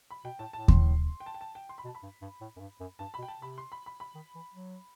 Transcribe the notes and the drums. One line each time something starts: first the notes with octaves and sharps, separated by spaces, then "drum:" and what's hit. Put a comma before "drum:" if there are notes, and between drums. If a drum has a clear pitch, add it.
B5
B2 G5
A2 A5
A2 A5
C6, drum: kick D#2
G5
A5
G5
A5
G5
C6
B5
B2 A5
B5
G2
G2
A2
F#2
G2
F#2
G2 A5
B2 B5
G5
A5
C3 B5
C6
B5
B5
B5
D#3
E3
F#3